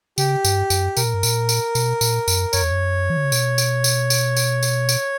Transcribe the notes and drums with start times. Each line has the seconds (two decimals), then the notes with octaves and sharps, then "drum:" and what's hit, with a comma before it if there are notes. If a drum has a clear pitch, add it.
0.18 C#3 G4, drum: tambourine
0.45 G2, drum: tambourine
0.70 F#2, drum: tambourine
0.97 B2 A#4, drum: tambourine
1.05 A#2
1.14 G2
1.23 A#2, drum: tambourine
1.49 drum: tambourine
1.75 B2, drum: tambourine
2.01 A#2, drum: tambourine
2.28 F#2, drum: tambourine
2.53 F#2 C#5, drum: tambourine
2.62 E2
2.71 F#2
3.10 E3
3.17 D3
3.24 C#3
3.32 B2, drum: tambourine
3.58 drum: tambourine
3.84 drum: tambourine
4.10 drum: tambourine
4.36 drum: tambourine
4.63 drum: tambourine
4.89 drum: tambourine